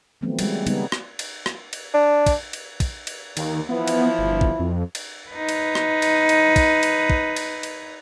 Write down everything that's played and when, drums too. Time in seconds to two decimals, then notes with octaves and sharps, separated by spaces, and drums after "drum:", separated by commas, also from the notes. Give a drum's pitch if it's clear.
0.21 D#3 F3 F#3 A3 B3 C4
0.39 G3 G#3, drum: cymbal
0.67 C#3 G3 G#3 B3 D#4, drum: cymbal
0.92 drum: rim click
1.19 drum: cymbal
1.46 drum: rim click
1.73 drum: cymbal
1.94 D4
2.26 drum: kick, cymbal
2.53 drum: cymbal
2.80 drum: kick, cymbal
3.07 drum: cymbal
3.37 D#2 D#3, drum: cymbal
3.69 E3 F3 B3 E4
3.88 drum: cymbal
4.19 G1
4.41 drum: kick
4.59 F2
4.95 drum: cymbal
5.30 D#4 B4
5.49 drum: cymbal
5.75 drum: rim click
6.02 drum: cymbal
6.29 drum: cymbal
6.56 drum: kick, cymbal
6.83 drum: cymbal
7.10 drum: kick
7.36 drum: cymbal
7.63 drum: cymbal